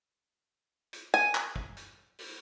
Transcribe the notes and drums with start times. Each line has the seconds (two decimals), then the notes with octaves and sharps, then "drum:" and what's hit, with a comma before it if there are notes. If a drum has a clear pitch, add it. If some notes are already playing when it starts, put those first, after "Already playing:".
0.93 drum: hi-hat
1.14 G#5
1.35 drum: clap
1.56 drum: kick
1.77 drum: hi-hat
2.18 drum: open hi-hat